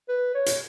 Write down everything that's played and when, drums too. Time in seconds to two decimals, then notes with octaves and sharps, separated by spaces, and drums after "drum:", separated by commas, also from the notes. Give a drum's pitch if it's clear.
0.09 B4
0.34 C#5
0.46 drum: hi-hat